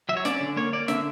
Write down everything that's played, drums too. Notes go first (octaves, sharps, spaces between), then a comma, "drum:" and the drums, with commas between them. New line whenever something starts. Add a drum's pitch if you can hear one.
F#3 E5
C#5
C#4 D5, drum: snare
D3
A#3 C#5
A#3 D5
D3 E5, drum: snare